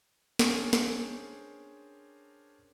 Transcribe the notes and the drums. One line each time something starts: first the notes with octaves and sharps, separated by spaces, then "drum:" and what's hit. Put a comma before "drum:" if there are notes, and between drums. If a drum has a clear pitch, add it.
C#4 D4 G#4 A#4 C5 G5, drum: snare
drum: snare